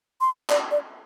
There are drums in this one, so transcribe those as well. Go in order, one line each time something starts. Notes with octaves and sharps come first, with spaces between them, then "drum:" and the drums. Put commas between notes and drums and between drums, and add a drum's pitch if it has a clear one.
C6
D5, drum: clap
D5